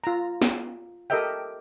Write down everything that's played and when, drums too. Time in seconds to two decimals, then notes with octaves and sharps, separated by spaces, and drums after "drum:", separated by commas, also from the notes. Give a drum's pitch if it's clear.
0.04 F4 A#5
0.42 drum: snare
1.10 G4 A4 A#4 D#5 E5 G5